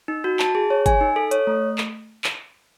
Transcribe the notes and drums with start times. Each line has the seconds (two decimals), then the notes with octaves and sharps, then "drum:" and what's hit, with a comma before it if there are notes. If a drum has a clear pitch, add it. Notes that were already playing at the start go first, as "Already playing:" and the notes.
0.08 D#4
0.24 F#4
0.39 A5, drum: clap
0.55 G#4
0.70 C#5
0.86 G#5, drum: kick G1, hi-hat
1.01 D#4
1.16 A4
1.31 C#5, drum: hi-hat
1.47 A3
1.78 drum: clap
2.24 drum: clap